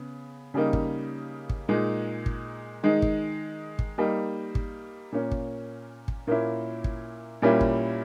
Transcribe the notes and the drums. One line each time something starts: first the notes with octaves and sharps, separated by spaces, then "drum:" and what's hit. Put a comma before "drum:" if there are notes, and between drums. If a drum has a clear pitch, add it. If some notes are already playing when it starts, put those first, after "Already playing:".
Already playing: C#3 B3
C#3 G3 A#3 D#4
drum: kick
drum: kick
A#2 G#3 D#4
drum: kick
D#3 G#3 D#4
drum: kick
drum: kick
G3 A#3 D#4
drum: kick
A#2 A#3 C#4
drum: kick
drum: kick
A#2 A#3 C#4 E4
drum: kick
A#2 G3 A#3 C#4 E4
drum: kick